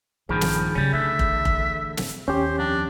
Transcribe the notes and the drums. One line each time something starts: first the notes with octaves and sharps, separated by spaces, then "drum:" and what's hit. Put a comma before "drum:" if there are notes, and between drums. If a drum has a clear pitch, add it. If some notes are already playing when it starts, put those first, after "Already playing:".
A#1 G2 D#3 F3 G#4 B5
drum: snare
C#3 F#3 G3 C#4
D3 E3 A3 E5
drum: kick F1
drum: kick F1
drum: snare
D#2 C#4 G4 C5
F2 D4